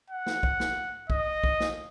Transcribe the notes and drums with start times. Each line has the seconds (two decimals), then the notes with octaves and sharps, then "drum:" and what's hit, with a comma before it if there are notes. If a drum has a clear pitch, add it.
0.10 F#5
0.26 drum: snare
0.43 drum: kick B1
0.60 drum: snare
1.10 D#5, drum: kick B1
1.44 drum: kick B1
1.60 drum: snare